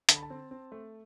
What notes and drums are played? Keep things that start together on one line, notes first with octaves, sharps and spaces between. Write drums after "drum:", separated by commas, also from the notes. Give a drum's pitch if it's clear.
D3 A5, drum: hi-hat
B5
A5
C4
C4
A3